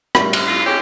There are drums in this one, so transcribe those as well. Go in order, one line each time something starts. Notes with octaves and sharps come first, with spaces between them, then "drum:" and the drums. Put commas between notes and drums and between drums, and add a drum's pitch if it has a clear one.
A2 G3, drum: rim click
drum: cymbal
F4
G4 G#4 C#5 G5